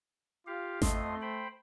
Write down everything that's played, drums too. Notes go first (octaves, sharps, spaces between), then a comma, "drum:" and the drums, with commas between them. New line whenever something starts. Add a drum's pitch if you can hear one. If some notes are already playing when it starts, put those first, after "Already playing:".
F4 G4 F5
F2 A3 D#5 C6, drum: snare G#1
C5 G5 B5